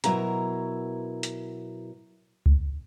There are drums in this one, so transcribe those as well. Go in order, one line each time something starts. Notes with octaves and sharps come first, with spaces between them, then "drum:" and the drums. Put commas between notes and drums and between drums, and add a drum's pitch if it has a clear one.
B2 F#3 E4 A#4 A#5, drum: hi-hat
drum: hi-hat
drum: kick C#2